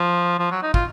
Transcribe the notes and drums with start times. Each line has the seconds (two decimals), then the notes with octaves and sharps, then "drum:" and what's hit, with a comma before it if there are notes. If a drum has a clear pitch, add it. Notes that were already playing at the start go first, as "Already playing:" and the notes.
Already playing: F3
0.39 F3
0.51 F#3
0.63 D#4
0.74 F4, drum: kick